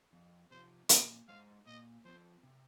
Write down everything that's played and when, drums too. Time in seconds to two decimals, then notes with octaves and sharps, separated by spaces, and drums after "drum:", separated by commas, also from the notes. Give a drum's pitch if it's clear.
0.13 F2
0.51 C3 F3 C5
0.89 A#2 D#5, drum: hi-hat
1.28 G#3 D#4 C5 F5
1.66 A#2 D#5
2.05 F3 C4 C5
2.43 C3